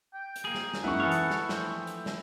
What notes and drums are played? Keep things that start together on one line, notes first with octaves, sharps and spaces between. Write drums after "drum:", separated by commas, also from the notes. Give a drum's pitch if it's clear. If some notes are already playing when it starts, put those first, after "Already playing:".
G5
drum: hi-hat
A#3 G#4
drum: snare
drum: snare
F#2 G#3 D#4 E4 F#5 C#6
E3 A4 C#5 D#6 F6
drum: hi-hat
drum: snare
F3 A3 G5, drum: snare
drum: hi-hat
drum: snare